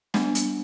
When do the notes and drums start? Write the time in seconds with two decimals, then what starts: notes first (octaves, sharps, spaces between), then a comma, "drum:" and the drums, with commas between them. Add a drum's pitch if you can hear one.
0.14 G3 B3 D4 F#5 G#5, drum: snare
0.35 drum: hi-hat